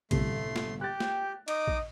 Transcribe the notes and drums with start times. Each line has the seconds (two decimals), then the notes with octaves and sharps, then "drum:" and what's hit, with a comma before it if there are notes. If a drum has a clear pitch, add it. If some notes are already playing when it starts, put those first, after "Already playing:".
0.11 G1 C2 A2 A3 C6, drum: kick, cymbal
0.56 drum: snare
0.81 G4 G5 F#6 A6
1.00 drum: snare
1.48 D#4 D#5 D6 D#6, drum: cymbal
1.67 drum: kick